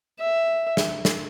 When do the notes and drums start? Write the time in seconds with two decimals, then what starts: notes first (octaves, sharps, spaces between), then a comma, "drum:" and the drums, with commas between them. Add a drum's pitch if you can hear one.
0.19 E5
0.77 drum: snare
1.05 drum: snare